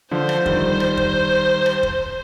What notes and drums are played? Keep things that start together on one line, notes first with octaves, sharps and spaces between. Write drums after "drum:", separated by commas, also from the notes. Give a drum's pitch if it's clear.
D3 F3 C5
drum: rim click
D#3 G3, drum: kick
drum: rim click
drum: kick
drum: rim click
drum: kick